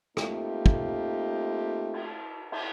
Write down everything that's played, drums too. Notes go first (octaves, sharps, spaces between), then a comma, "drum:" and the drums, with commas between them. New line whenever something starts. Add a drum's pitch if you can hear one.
A3 A#3 C4 D#4 F4 G4, drum: rim click
drum: kick
drum: cymbal
drum: cymbal